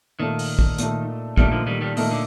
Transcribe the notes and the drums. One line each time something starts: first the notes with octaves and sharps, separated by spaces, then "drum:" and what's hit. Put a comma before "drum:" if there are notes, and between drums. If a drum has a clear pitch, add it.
A#2 D#3 A3 D#4 A4
drum: open hi-hat
drum: kick
A#2 A3 D#4 A4, drum: hi-hat
A#2 D#3 G3 A3 D#4 A4, drum: kick
D3 F3
D#3 G3
D#3 G3
A#2 D#3 A3 D#4 A4, drum: open hi-hat
D3